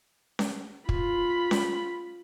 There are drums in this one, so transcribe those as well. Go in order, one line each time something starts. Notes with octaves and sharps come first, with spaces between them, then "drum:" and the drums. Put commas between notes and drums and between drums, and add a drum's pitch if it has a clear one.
drum: snare C#4
F4 B5, drum: kick
drum: snare C#4